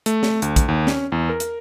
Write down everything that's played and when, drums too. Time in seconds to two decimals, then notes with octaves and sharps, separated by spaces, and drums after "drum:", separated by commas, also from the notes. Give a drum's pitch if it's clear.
0.06 A3, drum: hi-hat
0.23 drum: snare
0.42 D2, drum: hi-hat
0.56 drum: kick, hi-hat
0.68 D#2
0.87 C#4, drum: snare
1.12 E2
1.29 A#4
1.40 drum: hi-hat